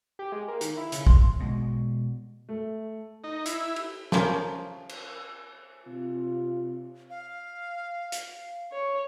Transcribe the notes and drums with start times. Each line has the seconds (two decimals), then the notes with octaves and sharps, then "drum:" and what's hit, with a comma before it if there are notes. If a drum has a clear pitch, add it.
0.19 G4
0.32 G#3
0.48 A#3
0.61 D#3, drum: hi-hat
0.77 E4
0.92 C#3, drum: hi-hat
1.07 C6, drum: kick
1.40 B2 G#3
2.49 A3
3.24 D#4
3.46 E4, drum: hi-hat
3.76 drum: cymbal
4.12 F3 C#4 A#4, drum: snare
4.89 drum: cymbal
5.86 C3 F4
7.10 F5
8.12 drum: hi-hat
8.72 C#5